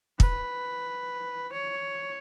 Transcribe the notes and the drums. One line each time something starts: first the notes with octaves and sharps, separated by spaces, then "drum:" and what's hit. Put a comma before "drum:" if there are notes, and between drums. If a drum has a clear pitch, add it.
B4, drum: kick
C#5